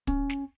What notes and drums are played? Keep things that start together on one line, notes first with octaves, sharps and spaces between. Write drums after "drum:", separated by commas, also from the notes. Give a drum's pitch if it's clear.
C#4, drum: kick, hi-hat
drum: snare